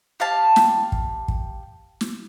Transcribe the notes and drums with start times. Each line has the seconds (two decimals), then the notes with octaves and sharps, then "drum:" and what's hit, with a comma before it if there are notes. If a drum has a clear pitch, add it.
0.20 G4 F5 A5
0.56 drum: snare
0.92 drum: kick
1.28 drum: kick
2.01 drum: snare